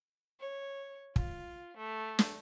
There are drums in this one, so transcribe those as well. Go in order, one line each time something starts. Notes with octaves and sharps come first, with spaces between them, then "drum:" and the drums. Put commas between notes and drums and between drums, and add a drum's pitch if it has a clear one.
C#5
F4, drum: kick
A3
drum: snare